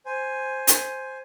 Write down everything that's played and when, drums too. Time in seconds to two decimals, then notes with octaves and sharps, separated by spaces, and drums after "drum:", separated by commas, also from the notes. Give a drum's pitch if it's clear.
0.06 C5 G#5
0.67 drum: hi-hat